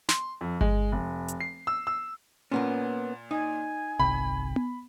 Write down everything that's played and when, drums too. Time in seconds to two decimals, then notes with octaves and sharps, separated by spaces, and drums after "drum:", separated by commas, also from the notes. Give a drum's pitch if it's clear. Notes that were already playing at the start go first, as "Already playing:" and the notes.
0.09 C6, drum: snare
0.41 F2
0.61 G#3, drum: kick G1
0.92 F1
1.28 drum: hi-hat
1.40 C7
1.67 E6
1.87 E6
2.52 A#2 A#3 B3 C#4
3.31 D#4 G#5
4.00 G1 C2 C3 B5
4.56 drum: tom B3